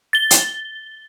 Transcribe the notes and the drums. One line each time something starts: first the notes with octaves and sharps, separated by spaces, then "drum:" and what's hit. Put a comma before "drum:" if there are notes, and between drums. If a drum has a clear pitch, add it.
A6 G7
drum: hi-hat